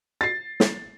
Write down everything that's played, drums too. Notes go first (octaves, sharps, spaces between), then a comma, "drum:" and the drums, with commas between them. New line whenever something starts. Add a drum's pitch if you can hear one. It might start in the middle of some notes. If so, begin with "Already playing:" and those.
A6 C7
drum: snare